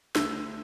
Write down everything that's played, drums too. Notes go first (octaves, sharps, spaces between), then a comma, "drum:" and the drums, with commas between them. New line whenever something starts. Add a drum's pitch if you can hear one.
D2 E6, drum: snare